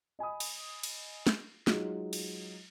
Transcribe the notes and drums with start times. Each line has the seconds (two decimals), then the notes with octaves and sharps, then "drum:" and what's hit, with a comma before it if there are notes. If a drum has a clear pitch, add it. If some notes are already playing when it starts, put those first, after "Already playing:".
0.19 D#5 G#5 B5 D#6
0.40 drum: cymbal
0.83 drum: cymbal
1.27 drum: snare
1.67 F#3 G#3 D#4 F4 F#4, drum: snare
2.13 drum: cymbal